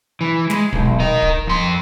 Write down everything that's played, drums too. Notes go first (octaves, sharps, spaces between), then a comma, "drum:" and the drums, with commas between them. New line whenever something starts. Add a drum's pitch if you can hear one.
E3
G#3, drum: snare
B1, drum: kick D1
A#4 D#5
drum: kick D1
F2 C6